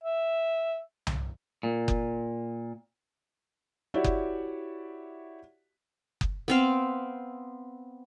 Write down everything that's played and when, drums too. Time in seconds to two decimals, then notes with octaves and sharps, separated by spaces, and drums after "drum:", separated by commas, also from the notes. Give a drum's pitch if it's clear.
0.04 E5
1.07 drum: tom C2
1.63 A#2
1.88 drum: kick F#1
3.94 E4 F#4 G4 C#5 D5 E5
4.04 drum: kick F#1
6.21 drum: kick F#1
6.48 B3 C4 F5